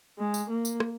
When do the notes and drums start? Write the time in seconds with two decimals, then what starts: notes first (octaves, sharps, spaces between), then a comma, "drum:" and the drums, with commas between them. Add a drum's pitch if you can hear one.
0.18 G#3
0.34 drum: tambourine
0.50 A#3
0.65 drum: tambourine
0.80 drum: rim click